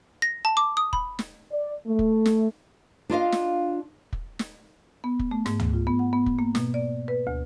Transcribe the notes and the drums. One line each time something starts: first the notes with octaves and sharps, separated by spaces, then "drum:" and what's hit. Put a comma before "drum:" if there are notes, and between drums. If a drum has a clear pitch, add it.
A#6
A5
D6
D#6
B5, drum: kick
drum: snare
D5
A3
drum: kick
drum: snare
D4 F4 D#5 F5
drum: snare
drum: kick
drum: snare
B3
drum: kick
A3
G#2, drum: snare
drum: tom C#2
F4
B3
F#5
B3
drum: kick
A#3
B2, drum: snare
D5
B4
D2